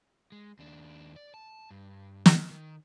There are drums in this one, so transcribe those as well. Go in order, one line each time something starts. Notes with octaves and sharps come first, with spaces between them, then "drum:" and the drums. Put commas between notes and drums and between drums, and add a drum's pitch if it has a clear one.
G#3
D#2 D4
D5
A5
G2
drum: snare
D#3